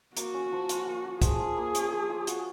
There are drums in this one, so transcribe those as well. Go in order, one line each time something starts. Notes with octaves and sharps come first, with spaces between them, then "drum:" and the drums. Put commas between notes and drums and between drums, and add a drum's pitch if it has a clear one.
A#3 F#4, drum: hi-hat
C#4
F3
F4, drum: hi-hat
A#3
C#4
F3 G#4, drum: kick, hi-hat
F4
A#3
C#4, drum: hi-hat
F3
F4
F#4, drum: hi-hat